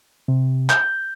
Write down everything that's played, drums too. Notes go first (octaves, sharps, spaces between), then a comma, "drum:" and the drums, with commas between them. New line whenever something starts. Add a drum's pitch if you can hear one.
C3
G6, drum: clap